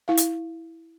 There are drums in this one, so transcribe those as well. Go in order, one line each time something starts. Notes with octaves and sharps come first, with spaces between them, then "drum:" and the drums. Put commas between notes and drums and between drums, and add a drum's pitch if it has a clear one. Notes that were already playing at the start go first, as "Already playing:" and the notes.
E4 F5
drum: hi-hat